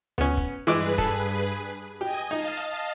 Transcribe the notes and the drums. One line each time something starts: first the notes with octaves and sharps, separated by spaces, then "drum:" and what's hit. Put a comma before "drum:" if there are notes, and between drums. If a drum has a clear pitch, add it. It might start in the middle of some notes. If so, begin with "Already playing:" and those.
B3 C#4, drum: tom D2
drum: kick
G2 E3 G#3 G#4 B4 D6
A4, drum: kick
G4 D#5 G#5
D#4 D#5 F5 A5
drum: hi-hat